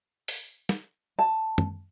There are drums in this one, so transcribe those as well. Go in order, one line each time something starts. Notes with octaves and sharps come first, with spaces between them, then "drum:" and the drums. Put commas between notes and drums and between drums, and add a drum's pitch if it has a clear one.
drum: open hi-hat
drum: snare
A5
drum: tom